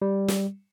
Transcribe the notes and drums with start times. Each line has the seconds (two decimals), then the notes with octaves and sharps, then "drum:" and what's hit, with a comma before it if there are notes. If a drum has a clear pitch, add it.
0.02 G3
0.28 drum: snare